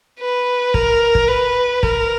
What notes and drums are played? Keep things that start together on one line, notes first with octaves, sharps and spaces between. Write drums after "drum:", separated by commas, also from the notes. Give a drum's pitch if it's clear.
B4
A#4, drum: kick
drum: kick
B4
A#4, drum: kick